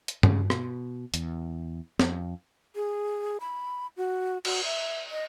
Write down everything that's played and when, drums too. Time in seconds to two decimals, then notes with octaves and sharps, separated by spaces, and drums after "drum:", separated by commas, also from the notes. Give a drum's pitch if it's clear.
0.08 drum: hi-hat
0.23 C#3, drum: tom G2
0.50 B2, drum: rim click
1.14 E2, drum: hi-hat
1.99 F2, drum: snare
2.76 G#4
3.40 B5
3.97 F#4
4.45 F#4, drum: cymbal
4.64 E5
5.11 D#5